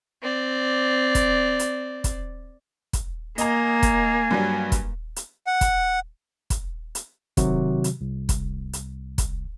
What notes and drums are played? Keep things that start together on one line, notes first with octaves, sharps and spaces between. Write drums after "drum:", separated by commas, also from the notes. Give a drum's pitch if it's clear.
C4 D5
drum: kick, hi-hat
drum: hi-hat
drum: kick, hi-hat
drum: kick, hi-hat
A#3 D#5 G#5 A#5, drum: hi-hat
drum: kick, hi-hat
G2 F#3 G3
drum: kick, hi-hat
drum: hi-hat
F#5
drum: kick, hi-hat
drum: kick, hi-hat
drum: hi-hat
C3 D#3 F#3 F#4 G4, drum: kick, hi-hat
drum: hi-hat
C2
drum: kick, hi-hat
drum: hi-hat
drum: kick, hi-hat